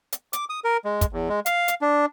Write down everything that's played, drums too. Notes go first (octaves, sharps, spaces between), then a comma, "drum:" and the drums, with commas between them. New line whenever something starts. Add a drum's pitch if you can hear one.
drum: hi-hat
D6, drum: hi-hat
D#6
A#4
G#3
drum: kick, hi-hat
E2
G#3
F5, drum: hi-hat
drum: hi-hat
D4